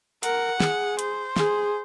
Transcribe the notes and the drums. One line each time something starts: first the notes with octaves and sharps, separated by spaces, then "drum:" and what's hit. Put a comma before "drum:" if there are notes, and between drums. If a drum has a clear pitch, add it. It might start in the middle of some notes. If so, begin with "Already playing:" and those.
A#4 F#5, drum: hi-hat
G#4, drum: snare
C5, drum: hi-hat
G#4, drum: snare